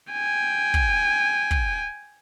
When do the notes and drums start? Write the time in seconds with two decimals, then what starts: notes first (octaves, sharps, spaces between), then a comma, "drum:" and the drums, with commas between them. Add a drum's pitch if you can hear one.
0.12 G5 G#5
0.74 drum: kick
1.51 drum: kick